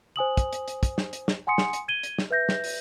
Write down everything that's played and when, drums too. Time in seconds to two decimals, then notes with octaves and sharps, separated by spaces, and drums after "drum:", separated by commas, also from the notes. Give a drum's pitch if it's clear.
0.16 C5 G#5 D#6 F#7
0.37 drum: kick, hi-hat
0.53 drum: hi-hat
0.68 drum: hi-hat
0.83 drum: kick, hi-hat
0.98 drum: snare
1.13 drum: hi-hat
1.28 drum: snare
1.47 F#5 G#5 C6 D#6 C#7
1.58 drum: snare
1.73 drum: hi-hat
1.88 G#6 D#7 G7
2.03 drum: hi-hat
2.18 drum: snare
2.30 B4 E5 G6 A#6
2.49 drum: snare
2.64 drum: open hi-hat